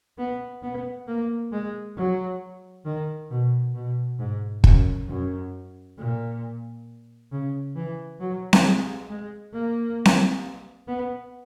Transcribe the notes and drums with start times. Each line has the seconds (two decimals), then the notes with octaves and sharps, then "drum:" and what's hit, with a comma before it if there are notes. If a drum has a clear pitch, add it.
0.18 B3
0.63 B3
1.07 A#3
1.52 G#3
1.97 F#3
2.85 D#3
3.30 B2
3.75 B2
4.19 G#2
4.64 F#2, drum: kick
5.08 F#2
5.98 A#2
7.32 C#3
7.76 E3
8.20 F#3
8.53 drum: snare C4
8.65 G#3
9.10 G#3
9.53 A#3
10.05 drum: snare C4
10.88 B3